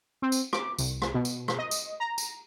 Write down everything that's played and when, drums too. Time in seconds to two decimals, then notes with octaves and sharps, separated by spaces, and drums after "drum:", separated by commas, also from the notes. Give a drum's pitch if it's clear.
0.22 C4
0.32 drum: tambourine
0.53 D6, drum: rim click
0.79 C2, drum: tambourine
1.02 drum: rim click
1.14 B2
1.25 drum: tambourine
1.48 drum: rim click
1.59 D#5
1.71 drum: tambourine
2.00 A#5
2.18 drum: tambourine